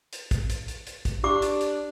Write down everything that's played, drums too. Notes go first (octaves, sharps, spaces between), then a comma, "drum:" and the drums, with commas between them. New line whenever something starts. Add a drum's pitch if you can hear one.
drum: hi-hat
drum: kick, hi-hat
drum: hi-hat
drum: hi-hat
drum: hi-hat
drum: kick, hi-hat
D4 G4 D6
drum: hi-hat
drum: hi-hat